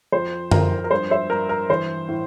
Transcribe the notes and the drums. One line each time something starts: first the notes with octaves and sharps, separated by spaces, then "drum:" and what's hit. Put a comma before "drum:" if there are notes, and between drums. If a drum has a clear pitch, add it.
F2 C5
F2 A#4, drum: tom
A#4
G2 C5
C5 E5
G2 A#4
A#4
E3 C5
A2